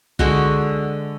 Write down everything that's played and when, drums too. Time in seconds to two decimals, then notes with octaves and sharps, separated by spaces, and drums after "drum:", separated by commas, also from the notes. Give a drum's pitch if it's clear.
0.19 D3 G#3 F#4, drum: kick